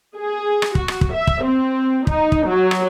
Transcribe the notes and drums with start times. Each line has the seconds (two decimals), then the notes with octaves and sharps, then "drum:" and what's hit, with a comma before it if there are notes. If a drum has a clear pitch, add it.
0.16 G#4
0.62 drum: rim click
0.75 F#4, drum: kick
0.88 drum: rim click
1.01 drum: kick
1.13 E5
1.27 drum: kick
1.44 C4
2.07 D#4, drum: kick
2.32 drum: kick
2.46 F#3
2.71 drum: rim click